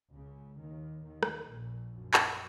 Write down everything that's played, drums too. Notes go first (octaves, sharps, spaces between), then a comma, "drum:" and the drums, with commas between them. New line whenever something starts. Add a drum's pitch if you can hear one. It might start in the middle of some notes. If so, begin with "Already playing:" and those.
C#2 C#3
D#2 D#3
D#2 D#3
drum: rim click
A#1 A#2
F#2
drum: clap